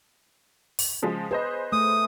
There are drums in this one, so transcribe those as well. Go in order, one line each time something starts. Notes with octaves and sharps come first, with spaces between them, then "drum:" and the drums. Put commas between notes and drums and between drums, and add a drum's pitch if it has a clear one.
drum: open hi-hat
C#3 F3 G#3
G#4 B4 C5 D#5
A3 D#6